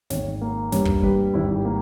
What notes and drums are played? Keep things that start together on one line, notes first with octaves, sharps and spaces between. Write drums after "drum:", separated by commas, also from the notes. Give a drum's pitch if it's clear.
G#1 C#5, drum: snare
A#3
G2 C#5, drum: snare
drum: kick
G3 B4
G#1 E4
G4
A#3